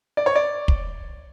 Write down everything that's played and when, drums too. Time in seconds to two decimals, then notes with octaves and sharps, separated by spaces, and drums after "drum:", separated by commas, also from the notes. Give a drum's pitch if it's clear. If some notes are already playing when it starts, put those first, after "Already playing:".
0.17 D5
0.26 C#5
0.36 D5
0.68 drum: kick